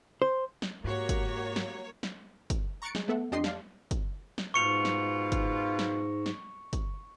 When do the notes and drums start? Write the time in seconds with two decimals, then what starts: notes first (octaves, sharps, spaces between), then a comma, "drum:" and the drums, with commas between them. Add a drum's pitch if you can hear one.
0.22 C5
0.62 drum: snare
0.84 G#2 A#3 F#4 G4 C#5
1.09 drum: kick, hi-hat
1.56 drum: snare
2.03 drum: snare
2.50 drum: kick, hi-hat
2.82 A#5 C#6 F#6 A6 C#7 D7
2.95 G#3, drum: snare
3.08 A3 B3 A4 E5 F#5
3.32 F2 D4 G4 D#5 C6 C7
3.44 D5 F5 A5, drum: snare
3.91 drum: kick, hi-hat
4.38 drum: snare
4.54 G#2 B2 F4 C#6 C#7 F7
4.85 drum: snare
5.32 drum: kick, hi-hat
5.79 drum: snare
6.26 drum: snare
6.73 drum: kick, hi-hat